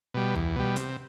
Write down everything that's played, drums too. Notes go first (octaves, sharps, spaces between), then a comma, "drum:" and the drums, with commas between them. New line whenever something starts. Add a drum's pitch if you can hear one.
B2 G3
E2, drum: tom C#2
B2 G3
C3, drum: hi-hat